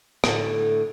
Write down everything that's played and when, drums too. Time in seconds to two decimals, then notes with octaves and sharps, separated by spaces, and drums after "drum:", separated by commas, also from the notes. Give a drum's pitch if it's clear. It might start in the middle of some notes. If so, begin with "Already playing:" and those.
0.24 A2 D3, drum: rim click